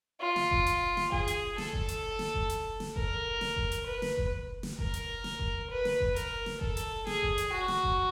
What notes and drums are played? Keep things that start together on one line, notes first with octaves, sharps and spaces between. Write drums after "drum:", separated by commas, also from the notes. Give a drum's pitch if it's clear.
F4
drum: snare
drum: kick F#1
drum: hi-hat
drum: snare
G#4, drum: kick F#1
drum: hi-hat
A4, drum: snare
drum: kick F#1
drum: hi-hat
drum: snare
drum: kick F#1
drum: hi-hat
drum: snare
A#4, drum: kick F#1
drum: snare
drum: kick F#1
drum: hi-hat
B4
drum: snare
drum: kick F#1
drum: snare
A#4, drum: kick F#1
drum: hi-hat
drum: snare
drum: kick F#1
B4
drum: snare
drum: kick F#1
A#4, drum: hi-hat
drum: snare
A4, drum: kick F#1
drum: hi-hat
G#4, drum: snare
drum: kick F#1
drum: hi-hat
F#4
drum: snare
drum: kick F#1